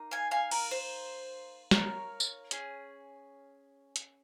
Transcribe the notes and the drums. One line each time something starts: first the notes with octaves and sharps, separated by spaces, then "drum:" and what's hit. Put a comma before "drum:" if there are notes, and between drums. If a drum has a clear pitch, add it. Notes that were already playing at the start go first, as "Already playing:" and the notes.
Already playing: A#3 D#4
F5 G#5
F5 G#5
A#4, drum: cymbal
C5
A#4 C#5, drum: snare
drum: tambourine
C#4 G#4, drum: hi-hat
drum: hi-hat